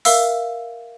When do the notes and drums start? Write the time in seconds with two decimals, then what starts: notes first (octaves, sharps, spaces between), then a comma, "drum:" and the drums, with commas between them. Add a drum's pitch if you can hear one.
0.05 A#4 E5 F5 E6, drum: open hi-hat